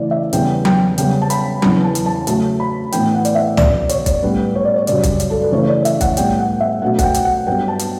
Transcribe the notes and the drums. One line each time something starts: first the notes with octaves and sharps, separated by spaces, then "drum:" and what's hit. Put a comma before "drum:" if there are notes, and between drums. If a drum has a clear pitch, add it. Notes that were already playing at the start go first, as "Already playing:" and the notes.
Already playing: C#3 E3 A3 D5
E5
E2 C#3 G3 B3 G5, drum: hi-hat
G5, drum: tom F#3
C#3 G3 B3 G5, drum: hi-hat
A5
B5, drum: hi-hat
E2 C#3 E3 A5, drum: tom F#3
A5
drum: hi-hat
A5
C#3 F#3 A3 A5, drum: hi-hat
B5
A2 E3 B3 G5, drum: hi-hat
F#5
D5, drum: hi-hat
E5
B2 F#3 B3 D5, drum: tom
C#5, drum: hi-hat
drum: kick B1, hi-hat
A2 G3 B3 B4
C#5
D5
C#5
F#2 C#3 G3 D5, drum: hi-hat
drum: kick B1, hi-hat
drum: hi-hat
A4
B4
C#3 E3 A3 C#5
C#5
D5
E5, drum: hi-hat
F#5, drum: kick B1, hi-hat
A2 G3 B3 G5, drum: hi-hat
F#5
E5
B2 F#3 A3 F#5
F#5, drum: kick B1, hi-hat
G5
drum: hi-hat
F#5
G2 F#3 B3 G5
A5
drum: hi-hat